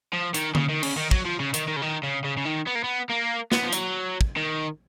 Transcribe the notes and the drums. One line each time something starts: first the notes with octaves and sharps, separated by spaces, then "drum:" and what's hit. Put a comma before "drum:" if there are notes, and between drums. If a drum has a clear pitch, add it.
F3
D#3, drum: hi-hat
C#3, drum: tom D3
D#3
C#3, drum: cymbal
D#3
F#3, drum: kick
F3
C#3
D#3, drum: hi-hat
D#3
C#3
D#3
C#3
C#3
C#3
D#3
B3
A#3
B3
A#3
B3, drum: snare
F3
F#3, drum: hi-hat
drum: kick
D#3